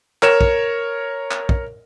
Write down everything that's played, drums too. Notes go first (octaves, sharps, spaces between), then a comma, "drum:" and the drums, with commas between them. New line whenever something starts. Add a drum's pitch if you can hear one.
A#4 C#5 E7, drum: clap
drum: kick
drum: clap
drum: kick